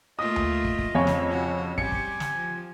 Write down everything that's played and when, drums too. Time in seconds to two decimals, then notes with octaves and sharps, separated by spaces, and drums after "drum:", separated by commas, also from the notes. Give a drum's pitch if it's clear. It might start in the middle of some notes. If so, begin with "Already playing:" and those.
0.19 A3 A#3 F4 D#5 D#6
0.36 drum: tom D2
0.64 drum: kick
0.79 drum: kick
0.95 F2 C#3 C#5 G#5
1.07 drum: snare
1.30 C#3 F#4
1.78 G3 C4 G4 G#5 C#7, drum: kick
1.92 drum: kick
2.20 drum: snare
2.36 F3